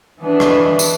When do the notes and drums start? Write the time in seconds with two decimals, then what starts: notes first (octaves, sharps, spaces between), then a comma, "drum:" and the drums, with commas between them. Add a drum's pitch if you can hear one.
0.21 E3 B3 D4
0.40 drum: rim click
0.79 drum: tambourine